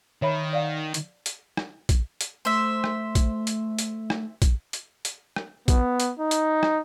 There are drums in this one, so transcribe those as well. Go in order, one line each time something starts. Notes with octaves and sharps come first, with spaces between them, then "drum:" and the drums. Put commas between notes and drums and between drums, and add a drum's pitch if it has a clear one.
D#3 C#5 E5 B5
D5 F5 F#5
drum: hi-hat
drum: hi-hat
drum: rim click
drum: kick A#1, hi-hat
drum: hi-hat
A3 C5 E5
drum: rim click
drum: kick A#1, hi-hat
drum: hi-hat
drum: hi-hat
drum: rim click
drum: kick A#1, hi-hat
drum: hi-hat
drum: hi-hat
drum: rim click
B3, drum: kick A#1, hi-hat
drum: hi-hat
D#4
drum: hi-hat
drum: rim click